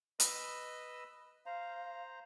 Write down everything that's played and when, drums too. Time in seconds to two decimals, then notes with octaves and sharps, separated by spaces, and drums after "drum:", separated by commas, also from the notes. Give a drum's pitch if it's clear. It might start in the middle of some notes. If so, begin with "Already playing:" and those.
0.20 B4 D#5 E6, drum: hi-hat
1.46 C5 F5 A#5